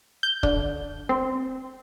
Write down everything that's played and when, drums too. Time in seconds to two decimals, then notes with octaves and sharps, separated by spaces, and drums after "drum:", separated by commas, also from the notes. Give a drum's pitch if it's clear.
0.23 G6
0.43 D3, drum: kick D#1
1.09 C4